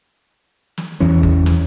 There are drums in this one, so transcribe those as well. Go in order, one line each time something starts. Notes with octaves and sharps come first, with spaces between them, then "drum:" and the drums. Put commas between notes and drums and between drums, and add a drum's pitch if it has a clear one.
drum: snare
E2 E3 C#4
drum: kick G1
drum: snare